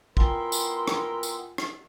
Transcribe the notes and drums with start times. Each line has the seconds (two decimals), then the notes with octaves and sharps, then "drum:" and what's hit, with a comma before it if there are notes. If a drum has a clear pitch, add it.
0.17 B3 E4 F4 A#4 E5 G5 G#5 C6, drum: kick
0.52 drum: tambourine
0.88 drum: rim click
1.23 drum: tambourine
1.58 drum: rim click